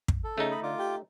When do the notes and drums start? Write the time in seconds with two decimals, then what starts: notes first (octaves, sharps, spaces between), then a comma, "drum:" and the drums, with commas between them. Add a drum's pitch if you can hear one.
0.08 drum: kick
0.24 A4
0.38 C#3 A3 D#4
0.51 D#5 B5
0.63 D3 F4 D6
0.79 G4